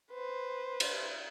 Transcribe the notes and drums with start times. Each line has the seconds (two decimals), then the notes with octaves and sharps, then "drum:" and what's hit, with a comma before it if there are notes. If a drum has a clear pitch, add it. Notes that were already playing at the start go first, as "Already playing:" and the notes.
0.12 B4 C5
0.80 drum: cymbal